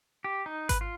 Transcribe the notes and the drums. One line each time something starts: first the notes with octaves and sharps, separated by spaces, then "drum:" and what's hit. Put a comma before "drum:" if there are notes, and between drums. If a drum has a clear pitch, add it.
G4
D#4
B4, drum: kick G#1, hi-hat
F4